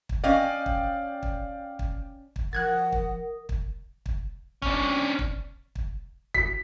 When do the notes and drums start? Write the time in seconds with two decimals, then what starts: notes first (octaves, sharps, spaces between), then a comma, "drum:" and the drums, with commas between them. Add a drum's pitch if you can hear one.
0.09 drum: kick
0.24 C#4 D5 D#5 F5 G5
0.66 drum: kick
1.23 drum: kick
1.79 drum: kick
2.36 drum: kick
2.53 F3 A#4 F#5 D#6 F#6 G#6 A6
2.92 drum: kick
3.49 drum: kick
4.06 drum: kick
4.62 C#4 D4, drum: kick
5.19 drum: kick
5.75 drum: kick
6.34 B6, drum: kick